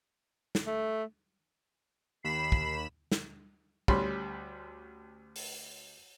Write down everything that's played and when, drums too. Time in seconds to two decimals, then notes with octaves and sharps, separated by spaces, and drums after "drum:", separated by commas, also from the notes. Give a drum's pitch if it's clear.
0.55 drum: snare
0.66 A3
2.24 D#2 B5 C7 E7
2.52 drum: kick
3.12 drum: snare
3.88 D2 G3 C#4 B5 C6, drum: kick
5.36 drum: open hi-hat